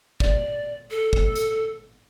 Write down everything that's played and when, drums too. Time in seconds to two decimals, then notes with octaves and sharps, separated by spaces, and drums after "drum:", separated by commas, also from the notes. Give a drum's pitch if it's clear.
0.20 D5, drum: kick
0.91 A4
1.13 drum: kick
1.36 drum: hi-hat